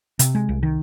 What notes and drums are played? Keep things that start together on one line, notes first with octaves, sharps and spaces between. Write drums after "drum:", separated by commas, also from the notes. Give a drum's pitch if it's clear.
C3, drum: hi-hat
G#3
C2
D#3